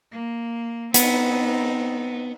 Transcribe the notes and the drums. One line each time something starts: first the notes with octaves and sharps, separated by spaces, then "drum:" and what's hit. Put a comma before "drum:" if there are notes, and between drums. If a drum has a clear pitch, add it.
A#3
B3 C4 D#4, drum: hi-hat